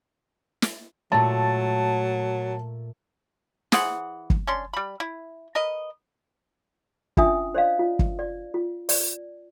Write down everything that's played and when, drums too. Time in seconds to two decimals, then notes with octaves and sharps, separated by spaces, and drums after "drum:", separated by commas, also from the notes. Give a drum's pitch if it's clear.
0.62 drum: snare
1.12 A#2 F#3 A3 A5
3.72 E3 G#4 C5 F#5, drum: snare
4.30 drum: kick
4.47 C#4 D4 C6
4.73 G3 B5
5.00 E4
5.55 A#4 B4 D#5
7.17 C#4 D4 F4 E5 G#5 D#6, drum: kick
7.55 C5 D5 D#5 F5
7.79 F4
7.99 drum: kick
8.19 D5
8.54 F4
8.89 D5, drum: open hi-hat